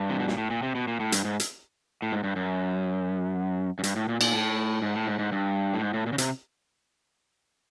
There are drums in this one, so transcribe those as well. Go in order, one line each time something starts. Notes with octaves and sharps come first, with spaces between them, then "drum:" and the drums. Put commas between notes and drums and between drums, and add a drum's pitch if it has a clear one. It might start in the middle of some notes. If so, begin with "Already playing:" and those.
Already playing: G2
C3
B2
A#2, drum: snare
A2
A#2
C3
B2
A#2
A2
G2, drum: hi-hat
G#2
drum: hi-hat
A2
G#2
G2
F#2
F#2
G2, drum: hi-hat
A2
A#2
A#2, drum: cymbal
A2
G#2
A2
G#2
G#2
G2
A2
G#2
A2
A#2
C#3
C3, drum: hi-hat